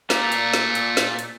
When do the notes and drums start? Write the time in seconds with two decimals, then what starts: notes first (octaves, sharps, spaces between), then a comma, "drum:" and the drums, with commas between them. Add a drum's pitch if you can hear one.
0.10 A#2 A3 A#3 A#5, drum: snare
0.32 drum: hi-hat
0.54 drum: snare
0.75 drum: hi-hat
0.97 drum: snare
1.19 drum: hi-hat